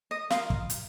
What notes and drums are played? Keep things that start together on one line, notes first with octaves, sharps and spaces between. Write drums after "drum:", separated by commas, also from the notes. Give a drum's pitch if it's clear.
D#5
F4 A#4 D#5 F5, drum: snare
drum: kick
drum: hi-hat